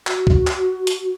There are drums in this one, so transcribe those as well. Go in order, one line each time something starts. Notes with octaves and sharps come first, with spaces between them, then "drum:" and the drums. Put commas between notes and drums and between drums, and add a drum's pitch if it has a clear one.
F#4, drum: clap
drum: kick C#2
drum: clap
drum: hi-hat